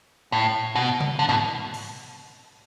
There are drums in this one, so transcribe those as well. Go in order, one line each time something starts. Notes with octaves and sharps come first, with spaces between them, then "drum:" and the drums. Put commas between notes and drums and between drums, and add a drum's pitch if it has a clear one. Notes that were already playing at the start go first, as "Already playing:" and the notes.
A2
B2
drum: tom C#3
D3
B2, drum: tom G#2
drum: open hi-hat